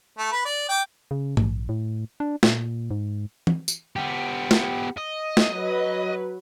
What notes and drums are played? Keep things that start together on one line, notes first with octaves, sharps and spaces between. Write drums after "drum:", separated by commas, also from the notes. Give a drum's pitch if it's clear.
A3
B4
D5
G5 D6
C#3
A#1, drum: tom G#2
A2
D4
A#2, drum: snare
G#2
drum: tom E3
drum: tambourine
B3 G4
drum: snare
D#5
drum: snare
F#3 B4